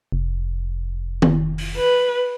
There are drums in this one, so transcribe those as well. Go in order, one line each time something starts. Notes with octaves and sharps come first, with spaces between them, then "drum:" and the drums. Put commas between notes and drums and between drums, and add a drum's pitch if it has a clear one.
F1
drum: tom D#3
drum: open hi-hat
B4